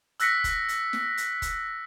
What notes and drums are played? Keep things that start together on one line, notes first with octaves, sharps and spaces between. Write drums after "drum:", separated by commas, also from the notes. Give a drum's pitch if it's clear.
E6 F#6 A#6 B6 C#7, drum: hi-hat
drum: kick, hi-hat
drum: hi-hat
drum: snare
drum: hi-hat
drum: kick, hi-hat